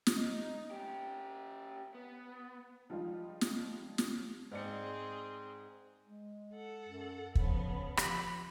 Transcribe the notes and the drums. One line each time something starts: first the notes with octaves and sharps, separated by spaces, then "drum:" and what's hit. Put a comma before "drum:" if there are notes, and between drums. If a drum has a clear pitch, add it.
drum: snare
D#4
C#4 G4
B3
F3 G3 G#3 D#4 F4
drum: snare
drum: snare
G#2 C4 G#4 D5 C#7
G#3
A4 F#5
F#2
C#3 F3 B3, drum: kick
F3 G4 B5, drum: rim click